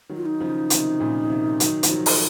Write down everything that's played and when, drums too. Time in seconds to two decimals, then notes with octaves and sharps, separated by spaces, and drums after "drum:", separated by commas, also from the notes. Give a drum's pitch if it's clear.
0.09 D#3 F#3
0.16 F4
0.26 D#4
0.40 C#3 F3
0.70 C3 D#3, drum: hi-hat
1.00 A#2 C#3
1.24 C#3
1.30 C3 D#3
1.60 D#3 F#3, drum: hi-hat
1.83 F3, drum: hi-hat
1.90 D#3 F#3
2.06 drum: open hi-hat